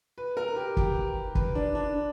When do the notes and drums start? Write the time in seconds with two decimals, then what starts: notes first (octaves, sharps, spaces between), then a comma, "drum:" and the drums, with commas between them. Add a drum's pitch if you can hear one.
0.18 B4
0.37 A#4
0.56 G4
0.77 G4, drum: kick
1.35 B4, drum: kick
1.55 D4
1.75 D4